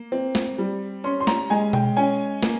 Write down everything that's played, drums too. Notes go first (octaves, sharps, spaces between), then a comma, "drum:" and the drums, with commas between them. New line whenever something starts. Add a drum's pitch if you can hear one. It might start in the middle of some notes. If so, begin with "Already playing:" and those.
Already playing: A#3
C4
drum: snare
G3
C#4 C6
C6
A#5, drum: snare
G#3 G#5
G5, drum: tom B2
C#4 G#5
A#3, drum: snare